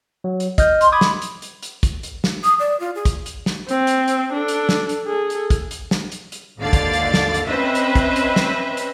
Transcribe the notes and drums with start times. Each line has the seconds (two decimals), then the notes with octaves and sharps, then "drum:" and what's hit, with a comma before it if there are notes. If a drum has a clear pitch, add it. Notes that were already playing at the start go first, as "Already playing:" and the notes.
0.24 F#3
0.40 drum: hi-hat
0.58 D#5 F6 G6, drum: kick, hi-hat
0.81 C6, drum: hi-hat
0.92 B5 D6 D#6 G#6
1.01 drum: snare
1.22 drum: hi-hat
1.42 drum: hi-hat
1.63 drum: hi-hat
1.83 drum: kick, hi-hat
2.03 drum: hi-hat
2.24 drum: snare
2.44 D#6, drum: hi-hat
2.59 D5
2.80 F4
2.95 G#4
3.05 drum: kick, hi-hat
3.26 drum: hi-hat
3.46 drum: snare
3.69 C4, drum: hi-hat
3.87 drum: hi-hat
4.08 drum: hi-hat
4.33 D4 A4
4.48 drum: hi-hat
4.69 drum: snare
4.89 drum: hi-hat
5.06 G#4 A4
5.30 drum: hi-hat
5.50 drum: kick, hi-hat
5.71 drum: hi-hat
5.91 drum: snare
6.12 drum: hi-hat
6.32 drum: hi-hat
6.60 G#1 D#2 D3 D5 F5 A6
6.73 drum: kick, hi-hat
6.93 drum: hi-hat
7.14 drum: snare
7.34 drum: hi-hat
7.47 C4 C#4 B4 C5 D#5 E5
7.75 drum: hi-hat
7.95 drum: kick, hi-hat
8.16 drum: hi-hat
8.36 drum: snare
8.77 drum: hi-hat